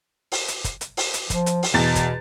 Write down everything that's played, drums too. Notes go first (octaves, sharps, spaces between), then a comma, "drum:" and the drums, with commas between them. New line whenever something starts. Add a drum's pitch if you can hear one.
drum: open hi-hat
drum: hi-hat
drum: kick, hi-hat
drum: hi-hat
drum: open hi-hat
drum: hi-hat
F3, drum: kick, hi-hat
drum: hi-hat
drum: open hi-hat
E2 B2 A6
drum: kick, hi-hat